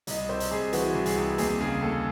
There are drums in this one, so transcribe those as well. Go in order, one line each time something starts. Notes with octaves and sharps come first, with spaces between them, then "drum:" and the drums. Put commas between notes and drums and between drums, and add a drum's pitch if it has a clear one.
C2 D#5, drum: hi-hat
C3 C5
drum: hi-hat
C2 G#4
E3 F#4, drum: hi-hat
C2
G#4, drum: hi-hat
C3
D#2 G#4, drum: hi-hat
C#3 G#4
D#2 A4